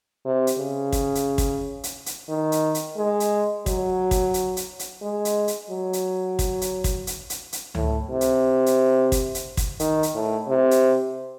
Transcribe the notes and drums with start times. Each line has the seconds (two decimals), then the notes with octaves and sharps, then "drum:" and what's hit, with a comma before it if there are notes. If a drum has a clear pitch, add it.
0.25 C3
0.47 drum: hi-hat
0.58 C#3
0.92 drum: kick, hi-hat
1.15 drum: hi-hat
1.38 drum: kick, hi-hat
1.84 drum: hi-hat
2.06 drum: hi-hat
2.29 D#3
2.52 drum: hi-hat
2.75 drum: hi-hat
2.97 G#3
3.20 drum: hi-hat
3.66 F#3, drum: kick, hi-hat
4.11 drum: kick, hi-hat
4.34 drum: hi-hat
4.57 drum: hi-hat
4.79 drum: hi-hat
5.02 G#3
5.25 drum: hi-hat
5.48 drum: hi-hat
5.70 F#3
5.93 drum: hi-hat
6.39 drum: kick, hi-hat
6.61 drum: hi-hat
6.84 drum: kick, hi-hat
7.07 drum: hi-hat
7.30 drum: hi-hat
7.53 drum: hi-hat
7.75 A2, drum: tom C#2
8.10 C3
8.21 drum: hi-hat
8.66 drum: hi-hat
9.12 drum: kick, hi-hat
9.35 drum: hi-hat
9.57 drum: kick, hi-hat
9.80 D#3, drum: hi-hat
10.03 drum: hi-hat
10.15 A2
10.48 C3
10.71 drum: hi-hat